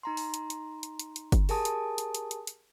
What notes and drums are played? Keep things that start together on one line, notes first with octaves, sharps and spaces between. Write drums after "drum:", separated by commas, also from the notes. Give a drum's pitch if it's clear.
D#4 A#5 C6
drum: open hi-hat
drum: hi-hat
drum: hi-hat
drum: hi-hat
drum: hi-hat
drum: hi-hat
drum: kick G1, hi-hat
G4 G#4 A#4 G#5 A5 D#6, drum: open hi-hat
drum: hi-hat
drum: hi-hat
drum: hi-hat
drum: hi-hat
drum: hi-hat